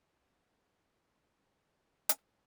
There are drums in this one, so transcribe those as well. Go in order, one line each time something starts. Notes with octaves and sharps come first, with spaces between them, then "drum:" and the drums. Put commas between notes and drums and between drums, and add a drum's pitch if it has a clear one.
F#5 G#6
D3
D3 G3 G#3
D#4 E4 G#4
G2 A4 A#4
drum: hi-hat